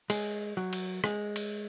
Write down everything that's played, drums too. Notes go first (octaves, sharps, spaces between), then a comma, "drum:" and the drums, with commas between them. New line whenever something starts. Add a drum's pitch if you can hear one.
G#3, drum: cymbal
F#3
drum: cymbal
G#3, drum: rim click
drum: cymbal